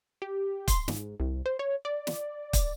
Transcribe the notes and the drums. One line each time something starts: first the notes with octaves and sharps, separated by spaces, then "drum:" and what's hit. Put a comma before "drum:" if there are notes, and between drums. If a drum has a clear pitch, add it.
G4
C6, drum: kick, hi-hat
G#2, drum: snare
C2
C5
C#5
D5
drum: snare
drum: kick, hi-hat